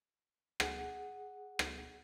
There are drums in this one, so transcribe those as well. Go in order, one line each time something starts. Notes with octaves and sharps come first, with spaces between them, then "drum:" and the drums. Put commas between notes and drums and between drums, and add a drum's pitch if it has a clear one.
G#4 F#5, drum: rim click
drum: rim click